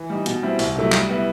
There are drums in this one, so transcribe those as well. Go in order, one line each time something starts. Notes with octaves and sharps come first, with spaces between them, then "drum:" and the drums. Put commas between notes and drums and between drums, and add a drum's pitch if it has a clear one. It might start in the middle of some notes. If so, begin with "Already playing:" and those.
Already playing: E3
G3 D#4 G4
B2, drum: hi-hat
G3 C4 E4
C2, drum: open hi-hat
C3 F#3 A3 E4
G3, drum: clap
B3 E4